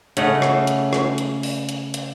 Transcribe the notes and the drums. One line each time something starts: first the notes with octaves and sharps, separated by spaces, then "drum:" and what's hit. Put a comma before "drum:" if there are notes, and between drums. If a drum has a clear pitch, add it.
C#3 A3 D#5 F#5, drum: hi-hat
drum: rim click
drum: hi-hat
drum: rim click
drum: hi-hat
drum: open hi-hat
drum: hi-hat
drum: hi-hat